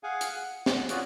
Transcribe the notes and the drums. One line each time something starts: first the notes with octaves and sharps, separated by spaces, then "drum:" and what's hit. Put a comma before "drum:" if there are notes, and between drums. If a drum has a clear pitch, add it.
G#4 F5 F#5 G#5
drum: hi-hat
F#5
drum: snare
C#4 F4 F#4 G#4 B4 D5, drum: hi-hat